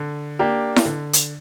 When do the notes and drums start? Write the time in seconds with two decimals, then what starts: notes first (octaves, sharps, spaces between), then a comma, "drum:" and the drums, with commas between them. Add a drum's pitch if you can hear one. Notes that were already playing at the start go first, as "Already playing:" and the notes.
Already playing: D3
0.39 A#3 D4 G4
0.76 drum: snare E4
0.86 D3
1.13 drum: hi-hat